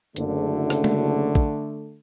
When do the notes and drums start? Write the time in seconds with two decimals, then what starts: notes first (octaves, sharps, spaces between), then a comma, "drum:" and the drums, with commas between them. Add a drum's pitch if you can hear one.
0.16 F#1 D3 A3, drum: hi-hat
0.70 drum: rim click
0.84 drum: tom
1.35 drum: kick